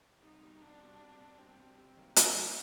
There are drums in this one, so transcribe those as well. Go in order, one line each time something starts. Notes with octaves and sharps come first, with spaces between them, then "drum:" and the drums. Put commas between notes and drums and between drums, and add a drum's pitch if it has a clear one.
C2 D#4
B2 G3
C2 D4
B2 G3
C2
B2 G3
C2 C4
B2 G3
C3 C4
D#3 F#3 A#3
C3, drum: hi-hat
D#3 F#3 A#3